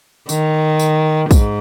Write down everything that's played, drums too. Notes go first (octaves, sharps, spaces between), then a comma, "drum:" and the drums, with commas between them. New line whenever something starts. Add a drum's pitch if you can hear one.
D#3, drum: tambourine
drum: tambourine
G#2, drum: kick, tambourine